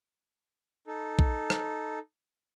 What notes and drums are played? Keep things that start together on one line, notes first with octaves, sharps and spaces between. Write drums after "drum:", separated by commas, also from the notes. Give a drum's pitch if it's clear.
D#4 A4
drum: kick A#1
drum: rim click